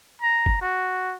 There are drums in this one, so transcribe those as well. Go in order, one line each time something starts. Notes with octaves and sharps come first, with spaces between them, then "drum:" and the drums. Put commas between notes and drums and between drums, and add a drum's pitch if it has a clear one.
A#5
drum: kick F#1
F#4